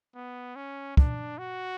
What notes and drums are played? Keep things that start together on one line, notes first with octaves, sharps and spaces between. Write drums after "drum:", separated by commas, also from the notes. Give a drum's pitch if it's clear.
B3
C#4
D4, drum: kick
F#4